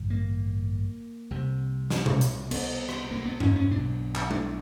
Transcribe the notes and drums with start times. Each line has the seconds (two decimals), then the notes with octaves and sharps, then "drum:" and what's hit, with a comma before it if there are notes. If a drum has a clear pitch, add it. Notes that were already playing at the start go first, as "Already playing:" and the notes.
Already playing: A1 G2 D3
0.10 A#3
1.31 C2 C3
1.90 drum: snare
2.06 drum: tom B2
2.21 drum: hi-hat
2.51 B3, drum: cymbal
2.89 drum: rim click
3.11 A#3
3.25 B3
3.40 C#4, drum: tom G2
3.56 C#4
3.71 B1 B2 D4
4.15 drum: clap
4.31 D4, drum: tom G#3